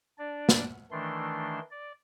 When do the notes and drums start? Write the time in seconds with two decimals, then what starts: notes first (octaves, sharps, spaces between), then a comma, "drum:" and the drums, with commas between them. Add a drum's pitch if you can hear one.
0.19 D4 D5
0.49 drum: snare
0.91 D#3 E3 A3 D4 C6
1.71 D5